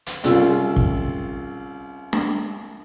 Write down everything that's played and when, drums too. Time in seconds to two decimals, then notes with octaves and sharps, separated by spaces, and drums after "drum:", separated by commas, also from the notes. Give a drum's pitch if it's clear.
0.06 drum: hi-hat
0.24 C2 C#3 F4 E6, drum: hi-hat
0.76 drum: kick
2.13 drum: snare D4